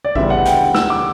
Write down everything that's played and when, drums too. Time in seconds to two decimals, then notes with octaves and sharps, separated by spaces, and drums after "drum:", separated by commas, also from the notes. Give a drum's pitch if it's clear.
0.05 D5
0.15 D2 C#3 E3 G3 B3 E5, drum: kick A1
0.30 F#5
0.46 G5, drum: hi-hat
0.75 E6, drum: snare
0.90 D6